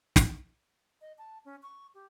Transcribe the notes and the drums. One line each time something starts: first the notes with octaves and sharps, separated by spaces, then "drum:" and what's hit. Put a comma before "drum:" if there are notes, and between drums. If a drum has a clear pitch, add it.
drum: snare
D#5
A5
C#4
C#6
G4